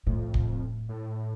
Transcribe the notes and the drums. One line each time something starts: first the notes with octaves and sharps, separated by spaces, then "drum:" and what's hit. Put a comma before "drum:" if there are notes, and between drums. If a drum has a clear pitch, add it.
F2 A2
drum: kick
A2